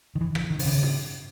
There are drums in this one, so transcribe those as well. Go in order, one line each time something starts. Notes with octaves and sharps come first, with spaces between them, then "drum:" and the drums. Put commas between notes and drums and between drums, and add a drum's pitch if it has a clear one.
D#3
E3
E3, drum: rim click
D#3
D3, drum: open hi-hat
C#3
drum: tom